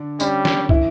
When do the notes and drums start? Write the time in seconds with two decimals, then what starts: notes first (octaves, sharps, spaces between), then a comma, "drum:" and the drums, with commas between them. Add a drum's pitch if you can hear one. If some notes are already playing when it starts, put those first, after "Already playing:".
Already playing: D3 D4
0.20 G3 C#4, drum: tambourine
0.45 drum: snare
0.69 E3 E4, drum: kick